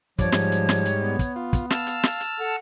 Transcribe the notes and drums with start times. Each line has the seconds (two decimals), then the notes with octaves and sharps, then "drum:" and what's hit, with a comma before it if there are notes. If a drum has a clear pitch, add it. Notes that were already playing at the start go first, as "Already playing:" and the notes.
0.19 G2 F3 C#5 D5, drum: kick, hi-hat
0.32 G#2 G3, drum: snare
0.52 drum: hi-hat
0.69 drum: snare
0.86 drum: hi-hat
0.99 B3
1.19 drum: kick, hi-hat
1.36 F4
1.53 drum: kick, hi-hat
1.70 F5 A5 E6 F6, drum: snare
1.87 drum: hi-hat
2.03 drum: snare
2.20 drum: hi-hat
2.39 A4 F#5